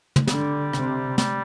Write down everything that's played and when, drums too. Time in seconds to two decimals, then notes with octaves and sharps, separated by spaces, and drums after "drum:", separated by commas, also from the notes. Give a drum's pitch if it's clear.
0.16 drum: tom
0.27 D3 G3, drum: snare
0.73 C3, drum: rim click
1.18 G3, drum: snare